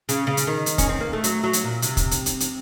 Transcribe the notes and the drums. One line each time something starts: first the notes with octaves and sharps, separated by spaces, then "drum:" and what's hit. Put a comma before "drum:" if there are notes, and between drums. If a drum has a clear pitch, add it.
C#3, drum: hi-hat
C#3
drum: hi-hat
D#3
drum: hi-hat
C#4, drum: kick, hi-hat
C4
A#3
A3
F#3, drum: hi-hat
F#3
drum: hi-hat
A#2
C3, drum: hi-hat
drum: kick, hi-hat
drum: hi-hat
drum: hi-hat
drum: hi-hat